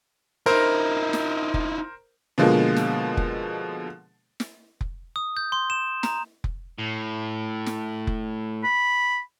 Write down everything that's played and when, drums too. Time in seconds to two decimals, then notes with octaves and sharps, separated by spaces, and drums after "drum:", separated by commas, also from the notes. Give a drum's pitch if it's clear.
0.46 D#4 E4 A#4 C5 A#5
1.13 drum: snare
1.54 drum: kick F1
2.38 B2 D3 F3 G#3 A#3
2.76 drum: snare
3.17 drum: kick F1
4.40 drum: snare
4.81 drum: kick F1
5.16 D#6
5.37 G6
5.52 C6
5.70 E7
6.03 A#5, drum: snare
6.44 drum: kick F1
6.79 A2
7.66 drum: snare
8.07 drum: kick F1
8.64 B5